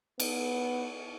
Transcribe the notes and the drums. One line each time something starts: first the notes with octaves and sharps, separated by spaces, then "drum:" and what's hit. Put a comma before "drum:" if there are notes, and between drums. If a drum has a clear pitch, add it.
B3, drum: cymbal